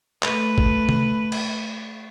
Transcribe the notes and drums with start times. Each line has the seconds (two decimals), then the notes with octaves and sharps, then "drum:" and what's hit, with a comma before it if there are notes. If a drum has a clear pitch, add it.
0.23 A3 B4, drum: clap
0.58 drum: kick A1
0.89 drum: tom
1.32 drum: cymbal